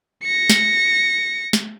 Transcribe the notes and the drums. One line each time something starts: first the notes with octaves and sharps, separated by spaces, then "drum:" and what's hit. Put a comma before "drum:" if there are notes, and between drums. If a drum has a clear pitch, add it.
A#6 C#7
drum: snare
drum: snare